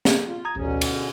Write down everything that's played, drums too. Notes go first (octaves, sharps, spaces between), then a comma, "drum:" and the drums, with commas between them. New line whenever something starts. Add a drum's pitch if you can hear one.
drum: snare
F4
A#5 D#6 G#6
A1 D2 B2 D3 C#4
drum: cymbal
G#4